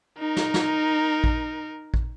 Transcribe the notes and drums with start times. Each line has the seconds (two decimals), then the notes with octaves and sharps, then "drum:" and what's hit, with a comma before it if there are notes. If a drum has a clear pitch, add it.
0.19 D#4 A#4
0.36 drum: snare
0.54 drum: snare
1.24 drum: kick A1
1.94 drum: kick A1